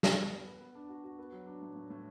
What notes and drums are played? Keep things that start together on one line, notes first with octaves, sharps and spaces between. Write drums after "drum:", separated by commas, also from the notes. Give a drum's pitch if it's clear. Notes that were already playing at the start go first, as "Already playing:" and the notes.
F#4, drum: snare
B3
B4
B4
B3
D4
F#4
F#4
B3
F#3
D4
A2
A2
A2